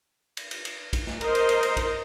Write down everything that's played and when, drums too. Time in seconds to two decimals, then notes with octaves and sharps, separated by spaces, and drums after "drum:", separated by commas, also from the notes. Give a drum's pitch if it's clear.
0.37 drum: cymbal
0.51 drum: cymbal
0.65 drum: cymbal
0.93 drum: kick, cymbal
1.07 drum: snare
1.21 A#4 C5 D#5, drum: cymbal
1.35 drum: cymbal
1.49 drum: cymbal
1.63 drum: cymbal
1.77 drum: kick, cymbal